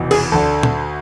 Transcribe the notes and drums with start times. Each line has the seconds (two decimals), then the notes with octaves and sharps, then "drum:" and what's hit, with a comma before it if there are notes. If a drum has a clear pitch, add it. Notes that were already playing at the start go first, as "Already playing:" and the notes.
Already playing: F1 E2 B2
0.11 G#4, drum: cymbal
0.32 D2 D3 A4
0.63 drum: tom A#2